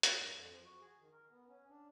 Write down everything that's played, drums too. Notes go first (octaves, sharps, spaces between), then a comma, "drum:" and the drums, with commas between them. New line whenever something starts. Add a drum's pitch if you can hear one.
A2, drum: hi-hat
G2
F2
F3
F#4
G#4
D#3
A#4
B3
C#4
D4